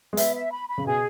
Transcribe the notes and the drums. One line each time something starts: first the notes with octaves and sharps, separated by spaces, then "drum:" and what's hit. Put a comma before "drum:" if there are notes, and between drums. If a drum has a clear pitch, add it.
G#3
B3 E5, drum: hi-hat
E5
B5
B5
C#3
B2 G#4